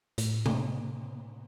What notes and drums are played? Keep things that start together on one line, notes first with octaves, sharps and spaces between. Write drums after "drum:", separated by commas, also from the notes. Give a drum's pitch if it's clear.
A2, drum: hi-hat
drum: tom C3